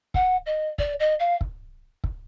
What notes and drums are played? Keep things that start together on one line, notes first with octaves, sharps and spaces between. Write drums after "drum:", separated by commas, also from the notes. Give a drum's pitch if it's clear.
F#5, drum: kick
D#5
D5, drum: kick
D#5
F5
drum: kick
drum: kick